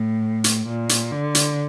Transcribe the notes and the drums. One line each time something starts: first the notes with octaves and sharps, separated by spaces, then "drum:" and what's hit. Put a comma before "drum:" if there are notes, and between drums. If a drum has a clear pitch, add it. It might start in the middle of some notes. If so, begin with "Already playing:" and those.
Already playing: A2
drum: hi-hat
A#2
drum: hi-hat
D3
drum: hi-hat